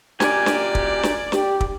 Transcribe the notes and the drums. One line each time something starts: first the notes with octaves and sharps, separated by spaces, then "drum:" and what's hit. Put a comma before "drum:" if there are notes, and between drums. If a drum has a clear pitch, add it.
F#2 A#2 G4 D5 G#5, drum: snare
drum: snare
drum: kick
drum: snare
G4, drum: snare
drum: kick